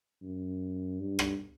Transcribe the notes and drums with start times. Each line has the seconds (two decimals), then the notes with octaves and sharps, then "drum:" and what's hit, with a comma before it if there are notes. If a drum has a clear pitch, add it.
0.23 F#2
1.00 G2
1.19 drum: rim click